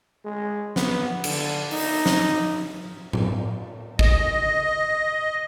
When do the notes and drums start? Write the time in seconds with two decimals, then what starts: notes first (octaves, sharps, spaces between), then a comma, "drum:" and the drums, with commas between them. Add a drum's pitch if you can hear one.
0.25 G#3
0.76 B3, drum: snare
1.24 D3, drum: cymbal
1.71 D#4, drum: open hi-hat
2.06 drum: snare
3.13 drum: tom A2
3.99 D#5, drum: kick